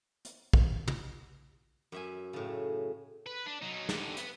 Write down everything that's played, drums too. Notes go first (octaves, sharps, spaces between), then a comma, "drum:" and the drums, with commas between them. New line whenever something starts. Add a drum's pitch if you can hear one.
drum: hi-hat
drum: kick
drum: tom
F#2 E5 G#5
A2 C#3
B4
D4
F#3 D#4
G2 D3, drum: snare
B3 B4, drum: hi-hat